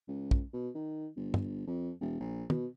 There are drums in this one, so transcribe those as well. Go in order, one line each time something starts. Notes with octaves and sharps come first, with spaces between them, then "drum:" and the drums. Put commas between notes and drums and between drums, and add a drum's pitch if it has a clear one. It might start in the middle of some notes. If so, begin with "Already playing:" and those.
C#2
drum: kick
B2
D#3
G1
drum: tom
F2
E1
A#1
B2, drum: tom